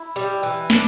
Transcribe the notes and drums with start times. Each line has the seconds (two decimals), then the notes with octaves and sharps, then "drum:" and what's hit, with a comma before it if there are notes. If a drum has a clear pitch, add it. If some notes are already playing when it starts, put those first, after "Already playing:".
Already playing: E4
0.16 G3
0.43 E3
0.70 D4, drum: snare